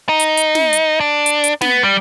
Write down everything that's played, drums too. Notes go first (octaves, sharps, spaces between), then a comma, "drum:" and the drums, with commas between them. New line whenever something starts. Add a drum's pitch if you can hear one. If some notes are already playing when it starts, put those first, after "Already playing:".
D#4
drum: hi-hat
drum: hi-hat
drum: snare
drum: hi-hat
D4
drum: hi-hat
drum: hi-hat
B3, drum: snare
G3